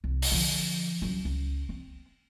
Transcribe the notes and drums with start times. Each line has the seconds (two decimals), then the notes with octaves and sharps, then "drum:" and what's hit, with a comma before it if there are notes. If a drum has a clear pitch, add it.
0.04 C2
0.22 drum: open hi-hat
0.31 D3 F3
1.02 C#2 F#3
1.25 C#2
1.69 C4